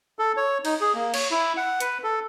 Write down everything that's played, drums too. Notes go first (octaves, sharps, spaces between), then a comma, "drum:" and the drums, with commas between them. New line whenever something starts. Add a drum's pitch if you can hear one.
A4
C#5
D#4, drum: cymbal
G#4
A#3
C#5, drum: cymbal
E4
F#5
B4, drum: hi-hat
A4